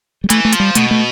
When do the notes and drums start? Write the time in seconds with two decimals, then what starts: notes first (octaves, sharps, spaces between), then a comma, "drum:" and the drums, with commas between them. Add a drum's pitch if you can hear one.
0.24 G3
0.30 E3 A3, drum: hi-hat
0.45 A3
0.53 F3, drum: hi-hat
0.60 G3
0.75 B2 A3, drum: hi-hat
0.91 A3